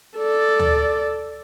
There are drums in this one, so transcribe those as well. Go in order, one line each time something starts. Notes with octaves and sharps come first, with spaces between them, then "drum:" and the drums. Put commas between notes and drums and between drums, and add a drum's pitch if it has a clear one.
A4 D5
drum: tom